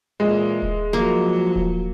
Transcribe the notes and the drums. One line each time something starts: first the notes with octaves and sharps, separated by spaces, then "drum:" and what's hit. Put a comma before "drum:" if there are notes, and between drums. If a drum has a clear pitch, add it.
A#2 E3 G#3
drum: kick D#1
F3 F#3 A#3 F#4
drum: kick D#1